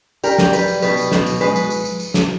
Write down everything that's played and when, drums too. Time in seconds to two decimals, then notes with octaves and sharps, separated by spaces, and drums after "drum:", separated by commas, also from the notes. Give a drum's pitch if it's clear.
0.24 G3 A#4, drum: tambourine
0.38 drum: snare
0.53 G3 B4, drum: tambourine
0.68 drum: tambourine
0.82 B2 B4, drum: tambourine
0.97 drum: tambourine
1.12 B2, drum: snare
1.26 drum: tambourine
1.41 G#3 B4, drum: tambourine
1.56 drum: tambourine
1.70 drum: tambourine
1.85 drum: tambourine
2.00 drum: tambourine
2.14 drum: snare